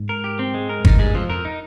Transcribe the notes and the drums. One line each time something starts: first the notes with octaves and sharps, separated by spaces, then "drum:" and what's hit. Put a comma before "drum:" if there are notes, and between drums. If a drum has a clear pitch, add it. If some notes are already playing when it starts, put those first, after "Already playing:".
Already playing: G#2
A#4
G4
C4
G#3
A#4
G2 D#4, drum: kick
G2 G#3
F2 F3
F2 A#4
D#4